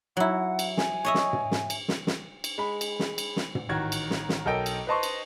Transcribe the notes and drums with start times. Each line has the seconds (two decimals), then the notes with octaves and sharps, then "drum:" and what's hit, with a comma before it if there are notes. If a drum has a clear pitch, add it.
0.17 F#3 E4 F#5
0.59 drum: cymbal
0.77 G#5, drum: snare
1.05 C#5 D#5 E5
1.14 drum: snare
1.33 drum: tom
1.51 drum: snare
1.70 drum: cymbal
1.88 drum: snare
2.07 drum: snare
2.44 drum: cymbal
2.58 G#3 B5
2.81 drum: cymbal
2.99 drum: snare
3.18 drum: cymbal
3.36 drum: snare
3.55 drum: tom
3.69 A1 D#3 F#4 G#6
3.92 drum: cymbal
4.10 drum: snare
4.29 drum: snare
4.45 B1 A4 A#4 D#5 G5 D7
4.66 drum: cymbal
4.87 B4 C5 D#5 A5 C6 C#6
5.03 drum: cymbal